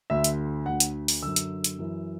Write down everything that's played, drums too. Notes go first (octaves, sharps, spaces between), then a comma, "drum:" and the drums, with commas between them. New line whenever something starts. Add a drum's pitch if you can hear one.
D2 D3 E5
drum: hi-hat
D2 D3 F#5
drum: hi-hat
drum: open hi-hat
F#2 D3 E6
drum: hi-hat
drum: hi-hat
F#2 E3